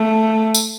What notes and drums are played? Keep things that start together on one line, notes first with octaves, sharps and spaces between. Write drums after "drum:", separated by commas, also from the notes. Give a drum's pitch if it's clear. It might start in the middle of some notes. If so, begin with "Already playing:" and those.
Already playing: A3
drum: tambourine